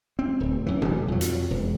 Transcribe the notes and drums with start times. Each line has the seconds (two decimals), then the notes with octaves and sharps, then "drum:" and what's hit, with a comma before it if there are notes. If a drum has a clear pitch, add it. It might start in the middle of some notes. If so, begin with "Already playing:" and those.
0.19 C4
0.40 D1
0.66 F#2 E3
0.82 F1 G3, drum: tom B2
1.08 F2 F#3
1.21 drum: hi-hat
1.51 E1